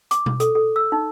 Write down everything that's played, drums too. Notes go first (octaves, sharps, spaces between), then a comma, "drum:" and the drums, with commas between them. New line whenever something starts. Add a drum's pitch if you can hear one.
D6, drum: hi-hat
drum: tom B2
A4, drum: hi-hat
A4
E6
D#4